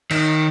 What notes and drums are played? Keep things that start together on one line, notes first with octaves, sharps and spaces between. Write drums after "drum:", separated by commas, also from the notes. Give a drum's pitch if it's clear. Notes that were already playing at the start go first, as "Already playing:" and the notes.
D#3, drum: cymbal